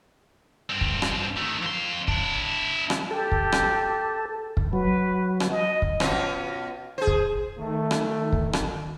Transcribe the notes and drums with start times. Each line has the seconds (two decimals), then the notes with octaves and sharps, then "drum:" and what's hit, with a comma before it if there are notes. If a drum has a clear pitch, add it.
0.69 G2 C4
0.81 drum: kick
1.02 drum: rim click
1.37 D#3 A3
1.62 F2 C6
2.08 D4 E4, drum: kick
2.90 drum: rim click
3.11 G4 A4
3.32 drum: kick
3.52 drum: rim click
4.57 drum: kick
4.73 F#3 B4
5.40 drum: rim click
5.50 D#5
5.82 drum: kick
6.00 B2 C#4 F4, drum: rim click
6.98 G#4 C5
7.07 drum: kick
7.58 D#3 A3
7.91 drum: rim click
8.32 drum: kick
8.53 drum: rim click